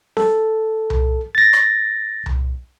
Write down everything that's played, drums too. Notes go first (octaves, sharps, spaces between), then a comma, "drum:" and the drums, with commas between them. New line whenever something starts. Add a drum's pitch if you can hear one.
A4, drum: snare C4
drum: tom C2
A6 A#6
drum: rim click
drum: tom C2